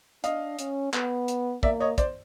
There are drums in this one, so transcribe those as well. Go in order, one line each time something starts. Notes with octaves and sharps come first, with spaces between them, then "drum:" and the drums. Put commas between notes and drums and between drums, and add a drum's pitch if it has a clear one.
D4 D#5 F5, drum: hi-hat
C#4, drum: hi-hat
B3, drum: clap
drum: hi-hat
A#3 D5 E5, drum: kick
C#5 D#5
C5 D5, drum: kick, hi-hat